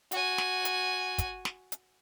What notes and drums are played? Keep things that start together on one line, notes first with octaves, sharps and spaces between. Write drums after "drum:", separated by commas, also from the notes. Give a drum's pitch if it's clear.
F#4 G#5, drum: hi-hat
drum: snare
drum: hi-hat
drum: kick, hi-hat
drum: snare
drum: hi-hat